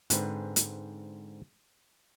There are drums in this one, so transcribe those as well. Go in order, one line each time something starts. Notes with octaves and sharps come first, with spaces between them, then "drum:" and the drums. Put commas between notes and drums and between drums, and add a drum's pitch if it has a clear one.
G#2 D3 C4 B4, drum: hi-hat
drum: hi-hat